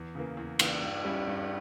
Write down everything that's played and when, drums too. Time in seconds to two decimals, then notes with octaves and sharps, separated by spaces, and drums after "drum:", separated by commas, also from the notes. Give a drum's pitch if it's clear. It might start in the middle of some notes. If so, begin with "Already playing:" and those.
Already playing: E2
0.15 C#3 E3 A#3
0.37 E2
0.59 C#3 E3 A#3, drum: cymbal
0.81 G2
1.05 G3 C#4 E4
1.27 G2